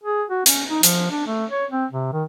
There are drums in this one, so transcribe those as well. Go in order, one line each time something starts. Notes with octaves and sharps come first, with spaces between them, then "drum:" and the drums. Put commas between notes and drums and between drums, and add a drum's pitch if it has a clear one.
G#4
F#4
C#4, drum: hi-hat
D#4
F3, drum: hi-hat
D4
A3
C#5
C4
C3
D#3